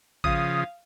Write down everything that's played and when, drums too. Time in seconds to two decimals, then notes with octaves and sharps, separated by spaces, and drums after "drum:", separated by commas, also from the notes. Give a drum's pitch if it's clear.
0.24 C#3 F3 F5 D#6, drum: kick A1